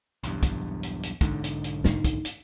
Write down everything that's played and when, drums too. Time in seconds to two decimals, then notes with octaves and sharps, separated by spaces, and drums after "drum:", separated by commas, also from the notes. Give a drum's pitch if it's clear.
0.23 B1 E2 G2, drum: hi-hat
0.43 drum: kick, hi-hat
0.83 drum: hi-hat
1.03 drum: hi-hat
1.21 B1 G#2 D3, drum: kick, hi-hat
1.44 drum: hi-hat
1.64 drum: hi-hat
1.84 A#3 D#4, drum: snare
2.04 drum: kick, hi-hat
2.25 drum: hi-hat